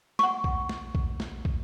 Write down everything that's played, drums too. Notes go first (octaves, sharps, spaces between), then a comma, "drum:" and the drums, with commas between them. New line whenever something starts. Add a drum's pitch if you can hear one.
F#5 C#6, drum: snare
drum: kick
drum: snare
drum: kick
drum: snare
drum: kick